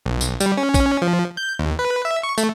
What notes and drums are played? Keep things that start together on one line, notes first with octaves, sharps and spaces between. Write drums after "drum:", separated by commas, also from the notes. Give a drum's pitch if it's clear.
B1
drum: tambourine
G3, drum: tambourine
C#4
C#4, drum: kick, tambourine
F3
G6
D#2
B4
E5
C#6
A3, drum: tambourine